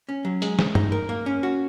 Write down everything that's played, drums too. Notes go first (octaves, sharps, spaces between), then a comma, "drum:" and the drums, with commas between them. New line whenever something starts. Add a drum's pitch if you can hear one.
C#4
F#3
G#3, drum: hi-hat
G#3, drum: snare
D#4, drum: tom
A#4
A#3
C#4
F#4